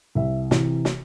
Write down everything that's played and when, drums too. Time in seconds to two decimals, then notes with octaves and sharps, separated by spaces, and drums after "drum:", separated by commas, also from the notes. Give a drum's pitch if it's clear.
0.15 C2 E5
0.51 C3 E3, drum: snare
0.85 drum: snare